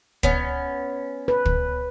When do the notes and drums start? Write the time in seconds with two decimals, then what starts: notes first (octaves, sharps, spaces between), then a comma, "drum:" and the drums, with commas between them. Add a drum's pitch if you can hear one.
0.23 B3 C#4, drum: kick
1.28 B4
1.45 drum: kick